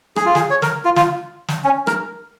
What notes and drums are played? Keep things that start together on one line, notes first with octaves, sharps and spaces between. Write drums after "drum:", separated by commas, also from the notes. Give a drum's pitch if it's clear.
G#4, drum: rim click
F4
G#4, drum: snare
C#5
A#4, drum: snare
F4
F4, drum: snare
drum: snare
C#4
A#4, drum: rim click